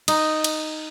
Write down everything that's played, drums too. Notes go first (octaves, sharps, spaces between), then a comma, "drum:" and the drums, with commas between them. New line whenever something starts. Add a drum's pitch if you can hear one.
D#4, drum: cymbal
drum: cymbal